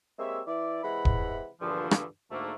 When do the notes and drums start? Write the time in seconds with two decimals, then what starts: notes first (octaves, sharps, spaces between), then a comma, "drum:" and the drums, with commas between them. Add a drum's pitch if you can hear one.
0.19 G#3 A#3 C4 G4 C#5 E5
0.47 E3 E4 D5
0.83 C3 E3 G#3 E4 F#5 B5
1.05 drum: kick
1.61 E2 G2 A#2 D3 E3 F3
1.91 drum: rim click
2.31 D2 G#2 A3 A#3